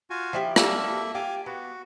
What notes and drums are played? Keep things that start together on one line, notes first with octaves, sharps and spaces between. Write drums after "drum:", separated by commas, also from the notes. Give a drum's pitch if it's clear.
F4 F#4 G#5
F3 E4 G4
G3 A#3 A4 E5 F5, drum: rim click
F4 G4 G#5 D6
B3 F#4